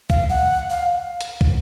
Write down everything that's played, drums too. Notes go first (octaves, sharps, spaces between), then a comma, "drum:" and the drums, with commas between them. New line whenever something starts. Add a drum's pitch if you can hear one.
F5, drum: kick
F#5
F5
drum: hi-hat
drum: kick